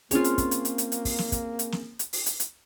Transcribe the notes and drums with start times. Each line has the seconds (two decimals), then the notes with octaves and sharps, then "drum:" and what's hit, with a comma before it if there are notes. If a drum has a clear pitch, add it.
0.11 A#3 C4 C#4 F4 G#4 C#5, drum: hi-hat
0.24 drum: hi-hat
0.38 drum: kick, hi-hat
0.51 drum: hi-hat
0.65 drum: hi-hat
0.78 drum: hi-hat
0.92 drum: hi-hat
1.05 drum: kick, open hi-hat
1.19 drum: snare
1.32 drum: kick, hi-hat
1.59 drum: hi-hat
1.72 drum: snare
1.99 drum: hi-hat
2.13 drum: open hi-hat
2.26 drum: hi-hat
2.40 drum: hi-hat